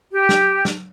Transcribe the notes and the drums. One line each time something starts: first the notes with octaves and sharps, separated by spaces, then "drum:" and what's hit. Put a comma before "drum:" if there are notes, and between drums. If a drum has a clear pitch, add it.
G4
drum: snare
drum: snare